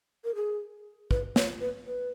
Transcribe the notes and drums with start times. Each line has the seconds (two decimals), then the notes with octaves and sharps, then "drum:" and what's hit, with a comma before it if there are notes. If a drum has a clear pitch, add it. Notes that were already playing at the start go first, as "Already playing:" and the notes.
0.24 A#4
0.35 G#4
1.11 B4, drum: kick
1.36 C#5, drum: snare
1.61 B4
1.86 B4